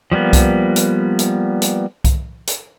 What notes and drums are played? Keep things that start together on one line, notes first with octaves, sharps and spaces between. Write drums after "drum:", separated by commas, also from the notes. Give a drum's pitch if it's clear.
F3 G3 A#3 B3
drum: kick C2, hi-hat
drum: hi-hat
drum: hi-hat
drum: hi-hat
drum: kick C2, hi-hat
drum: hi-hat